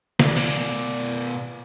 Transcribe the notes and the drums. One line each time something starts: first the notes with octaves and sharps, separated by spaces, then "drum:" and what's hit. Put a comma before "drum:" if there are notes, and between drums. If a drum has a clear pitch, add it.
B2 D5, drum: snare
drum: open hi-hat